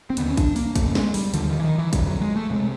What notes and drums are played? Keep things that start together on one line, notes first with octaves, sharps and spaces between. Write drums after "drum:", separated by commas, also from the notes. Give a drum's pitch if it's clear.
C4
D#2 D3 B3, drum: hi-hat
C#4
D4, drum: kick, hi-hat
A#3, drum: open hi-hat
F#2 C#3 A3, drum: kick, hi-hat
G#3, drum: snare
G3, drum: open hi-hat
D#2 D3 F3, drum: hi-hat
D#3
E3
D#3
E3
F2 D3 F#3, drum: kick, hi-hat
F#3
G#3
A3
C3 G#3